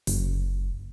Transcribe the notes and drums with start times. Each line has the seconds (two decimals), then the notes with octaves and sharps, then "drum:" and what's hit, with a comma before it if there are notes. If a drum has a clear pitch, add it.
0.07 F#1, drum: open hi-hat